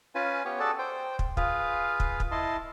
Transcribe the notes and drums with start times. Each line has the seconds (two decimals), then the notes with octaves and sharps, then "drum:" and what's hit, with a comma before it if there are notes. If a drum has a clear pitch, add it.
0.15 C#4 F4 B4 G#5
0.45 B3 G4 C#5
0.60 F#4 G#4 A4 D5 A5
0.79 C5 G5
1.19 drum: kick
1.37 F4 G#4 B4 F5, drum: kick
2.00 drum: kick
2.20 drum: kick
2.31 E4 D#5 A5 C6